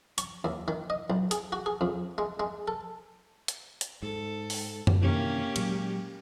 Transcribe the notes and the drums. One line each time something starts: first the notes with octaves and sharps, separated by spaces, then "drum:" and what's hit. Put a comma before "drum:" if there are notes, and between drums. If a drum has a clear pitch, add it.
C#6, drum: hi-hat
D#2
D#3
D#5
B1
G#4, drum: hi-hat
F#4
G#4
F2
G#3
G#3
A4
drum: hi-hat
drum: hi-hat
G#2 A4
drum: open hi-hat
drum: tom F#2
C3 D#3 E3 A#3 C#4 G4
A#2 F#3 G#3, drum: cymbal